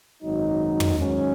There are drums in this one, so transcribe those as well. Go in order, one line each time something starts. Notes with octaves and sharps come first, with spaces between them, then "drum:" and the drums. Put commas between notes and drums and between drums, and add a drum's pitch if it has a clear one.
G#1 F#2 F#3 D#4
drum: tom
G#2 D#3 F#3 C#4